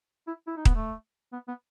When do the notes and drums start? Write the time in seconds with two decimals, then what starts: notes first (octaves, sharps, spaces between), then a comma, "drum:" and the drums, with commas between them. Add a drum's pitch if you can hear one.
0.27 E4
0.47 E4
0.57 D#4
0.65 B3, drum: kick D#1
0.75 A3
1.33 B3
1.48 B3